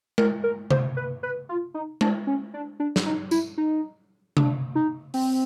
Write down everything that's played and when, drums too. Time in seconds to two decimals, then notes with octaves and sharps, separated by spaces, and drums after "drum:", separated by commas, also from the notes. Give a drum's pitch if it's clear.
0.18 A#4, drum: tom G#3
0.44 A#4
0.70 C5, drum: tom C3
0.97 B4
1.23 B4
1.49 F4
1.74 D#4
2.01 D4, drum: tom G#3
2.27 C#4
2.54 D4
2.80 D4
2.96 drum: snare
3.06 D#4
3.31 E4, drum: tambourine
3.58 D#4
4.37 D4, drum: tom C3
4.75 D#4
5.14 C4, drum: open hi-hat